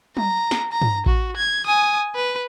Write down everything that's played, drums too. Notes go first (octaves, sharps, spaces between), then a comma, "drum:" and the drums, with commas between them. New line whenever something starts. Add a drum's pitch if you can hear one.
A#5, drum: tom F#3
drum: snare
A#5
drum: tom
F#4, drum: kick A1
G#6
G#5 D#6
B4